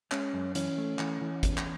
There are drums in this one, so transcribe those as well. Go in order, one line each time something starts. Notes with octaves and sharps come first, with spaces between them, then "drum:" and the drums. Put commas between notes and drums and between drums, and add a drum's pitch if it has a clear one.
G#3 C#4, drum: clap
F#2
E3 C#4, drum: hi-hat
A3
E3, drum: clap
E3
E2, drum: kick G#1, hi-hat
drum: clap